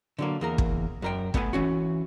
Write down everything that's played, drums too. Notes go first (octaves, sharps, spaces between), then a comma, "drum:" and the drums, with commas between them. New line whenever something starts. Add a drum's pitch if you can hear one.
D3 F#3 A#3
E2 A#3 A#4
drum: kick
F#2 A#4 G5
A3 B3 A4 F#5 G#5, drum: kick
E3 C#4 F#4